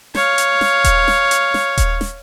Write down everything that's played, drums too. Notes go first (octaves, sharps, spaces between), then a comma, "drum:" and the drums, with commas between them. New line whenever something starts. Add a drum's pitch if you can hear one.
C#5 F5, drum: snare
drum: hi-hat
drum: snare
drum: kick D#1, hi-hat
drum: snare
drum: hi-hat
drum: snare
drum: kick D#1, hi-hat
drum: snare